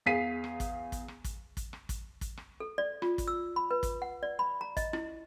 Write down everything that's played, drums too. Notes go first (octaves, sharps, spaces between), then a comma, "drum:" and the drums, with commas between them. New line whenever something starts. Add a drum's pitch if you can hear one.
E2 G#4 F5 B6 C7 D#7
drum: rim click
drum: kick, hi-hat
drum: kick, hi-hat
drum: rim click
drum: kick, hi-hat
drum: kick, hi-hat
drum: rim click
drum: kick, hi-hat
drum: kick, hi-hat
drum: rim click
A4
D5
F4, drum: rim click
drum: kick, hi-hat
E6
B5
B4
drum: kick, hi-hat
F#5
D5
B5
A#5
D#5, drum: kick, hi-hat
E4, drum: rim click